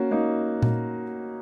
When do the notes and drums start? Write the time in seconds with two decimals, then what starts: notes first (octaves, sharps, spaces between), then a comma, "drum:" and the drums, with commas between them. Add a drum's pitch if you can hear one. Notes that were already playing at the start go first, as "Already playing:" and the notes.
Already playing: A#3 C#4 F#4
0.11 A#3 D#4
0.62 drum: tom A#2